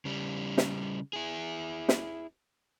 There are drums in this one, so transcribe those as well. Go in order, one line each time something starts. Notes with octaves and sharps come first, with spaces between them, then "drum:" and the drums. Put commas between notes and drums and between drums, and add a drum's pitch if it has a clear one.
C#3 G3
drum: snare
E4 G#4
drum: snare